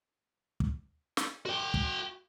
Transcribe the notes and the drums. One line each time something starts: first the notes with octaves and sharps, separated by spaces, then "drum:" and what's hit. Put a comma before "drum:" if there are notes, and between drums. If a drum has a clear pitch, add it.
drum: kick
drum: snare
F#4 G5
drum: kick